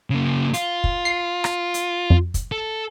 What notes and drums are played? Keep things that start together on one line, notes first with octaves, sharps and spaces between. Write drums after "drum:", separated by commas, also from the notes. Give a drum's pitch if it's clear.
C#3 A#3
F4, drum: hi-hat
drum: kick
C7
drum: rim click
drum: hi-hat
F2
drum: kick, hi-hat
A4